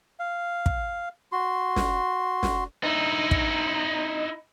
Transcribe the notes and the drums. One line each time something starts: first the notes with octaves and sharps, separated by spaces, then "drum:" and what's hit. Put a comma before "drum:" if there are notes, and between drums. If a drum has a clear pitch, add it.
F5
drum: kick
F#4 C6
drum: snare
drum: snare
D#4 E4
drum: kick